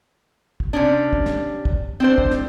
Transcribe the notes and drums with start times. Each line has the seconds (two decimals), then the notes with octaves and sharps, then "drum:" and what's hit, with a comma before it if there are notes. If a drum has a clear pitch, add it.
0.60 drum: kick
0.73 C3 C#4 D4
1.13 drum: kick
1.26 drum: snare
1.65 drum: kick
2.00 C4 D4 C5
2.18 drum: kick
2.31 drum: snare